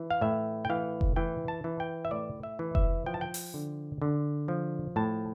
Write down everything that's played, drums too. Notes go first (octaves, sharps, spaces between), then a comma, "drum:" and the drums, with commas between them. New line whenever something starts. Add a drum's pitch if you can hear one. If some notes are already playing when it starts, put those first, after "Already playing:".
Already playing: E3
F5
A2 E5
G5
E3 F5
drum: kick F1
E3 G5
A5
E3
G5
E5
A2 D5
E5
E3
E5, drum: kick F1
F3 G5
A5
G5
drum: open hi-hat
D3
D3
F3
A2 A5